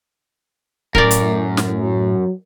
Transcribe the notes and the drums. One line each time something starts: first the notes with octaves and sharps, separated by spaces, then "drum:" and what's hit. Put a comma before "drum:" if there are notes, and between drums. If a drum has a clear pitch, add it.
F#2 A2 A#4 D5, drum: kick C#1
drum: hi-hat
drum: snare
F#3